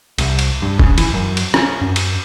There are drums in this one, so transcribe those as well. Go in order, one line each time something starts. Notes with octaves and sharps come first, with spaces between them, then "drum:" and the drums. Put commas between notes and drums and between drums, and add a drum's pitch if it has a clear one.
C2, drum: cymbal
drum: cymbal
G2
C#3, drum: kick F1
E3, drum: cymbal
F#2
drum: cymbal
C#4, drum: rim click
F#2
drum: cymbal